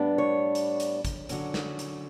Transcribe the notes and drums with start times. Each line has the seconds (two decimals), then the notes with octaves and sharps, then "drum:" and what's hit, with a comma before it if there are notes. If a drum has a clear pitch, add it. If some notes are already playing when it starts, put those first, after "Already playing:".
Already playing: A2 G3 B3 D4
0.18 C#5
0.55 drum: hi-hat
0.80 drum: hi-hat
1.05 drum: kick, hi-hat
1.29 D3 F#3 C#4, drum: hi-hat
1.54 drum: snare
1.79 drum: hi-hat